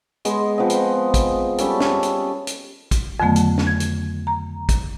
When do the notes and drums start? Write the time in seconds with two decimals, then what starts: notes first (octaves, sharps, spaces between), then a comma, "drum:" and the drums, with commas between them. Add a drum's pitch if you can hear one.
0.25 G#3 B3 D#5, drum: hi-hat
0.58 F3 B3 C4 D#5
0.70 drum: hi-hat
1.14 drum: kick, hi-hat
1.58 G3 C#4 A4 A5, drum: hi-hat
1.80 drum: snare
2.03 drum: hi-hat
2.47 drum: hi-hat
2.91 drum: kick, hi-hat
3.20 F2 D3 D#3 F#3 A3 B3
3.36 drum: hi-hat
3.58 drum: snare
3.67 G#6
3.80 drum: hi-hat
4.27 A#5
4.69 drum: kick, hi-hat